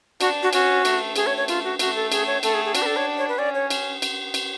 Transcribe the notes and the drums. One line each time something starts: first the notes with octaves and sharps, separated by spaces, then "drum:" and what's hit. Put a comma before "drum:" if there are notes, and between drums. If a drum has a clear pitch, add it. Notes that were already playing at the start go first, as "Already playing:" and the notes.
D4 F#4, drum: cymbal
F#4
C#4 F#4, drum: cymbal
A3, drum: cymbal
A3 G#4, drum: cymbal
C#5
C#5
F4, drum: cymbal
F#4
A3 F#4, drum: cymbal
A4
G#4, drum: cymbal
C#5
A3 A4, drum: cymbal
G#4
G#4
D4 F#4, drum: cymbal
B4
A4
C#5
C#5
B4
C#4 D5
C#5
drum: cymbal
drum: cymbal
drum: cymbal